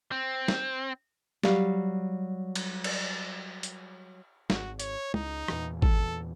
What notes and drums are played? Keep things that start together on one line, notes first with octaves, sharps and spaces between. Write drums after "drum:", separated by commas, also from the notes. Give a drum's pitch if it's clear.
C4
drum: snare
F#3 G3 F5, drum: snare
drum: cymbal
drum: cymbal
drum: hi-hat
G#1 F#4, drum: snare
C#5, drum: hi-hat
C#2 D#4, drum: tom
E2 A#2 E3, drum: rim click
A4, drum: kick G#1